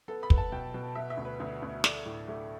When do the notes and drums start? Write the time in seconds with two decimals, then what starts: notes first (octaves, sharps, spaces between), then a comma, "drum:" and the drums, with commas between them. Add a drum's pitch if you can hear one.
0.08 B3 A4
0.23 B5
0.30 B3, drum: kick
0.38 A5
0.52 B2 G5
0.74 B2
0.95 B3 E5
1.10 E5
1.17 D2
1.25 B4
1.40 D2
1.62 D2
1.84 A3 D5, drum: snare
2.05 A2
2.28 A3